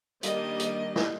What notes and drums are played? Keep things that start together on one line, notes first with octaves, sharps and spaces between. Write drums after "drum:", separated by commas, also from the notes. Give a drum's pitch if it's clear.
D#3 G3 A#3 D4 D#5, drum: hi-hat
drum: hi-hat
drum: snare